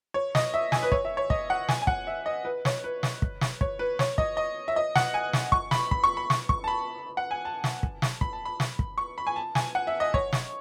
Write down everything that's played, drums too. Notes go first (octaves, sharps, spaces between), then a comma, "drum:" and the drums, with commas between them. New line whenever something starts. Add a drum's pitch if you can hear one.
C#5
D#5, drum: snare
E5
G#5, drum: snare
B4
C#5, drum: kick
E5
C#5
D#5, drum: kick
F#5
G#5, drum: snare
G#5
F#5, drum: kick
E5
D#5
B4
C#5, drum: snare
B4
drum: snare
drum: kick
drum: snare
C#5, drum: kick
B4
C#5, drum: snare
D#5, drum: kick
D#5
E5
D#5
F#5, drum: snare
G#5
drum: snare
C#6, drum: kick
B5, drum: snare
B5, drum: kick
C#6
B5
C#6, drum: snare
C#6, drum: kick
A5
B5
F#5
G#5
A5
drum: snare
drum: kick
drum: snare
B5, drum: kick
A5
B5
drum: snare
drum: kick
C#6
B5
G#5
A5
G#5, drum: snare
F#5
E5
D#5
C#5, drum: kick
drum: snare